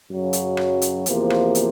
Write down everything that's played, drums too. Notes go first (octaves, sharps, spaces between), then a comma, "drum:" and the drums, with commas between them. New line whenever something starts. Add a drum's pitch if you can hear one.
F#2 C#3 F#3
drum: hi-hat
drum: rim click
drum: hi-hat
E2 C3 F3 A#3, drum: hi-hat
drum: rim click
drum: hi-hat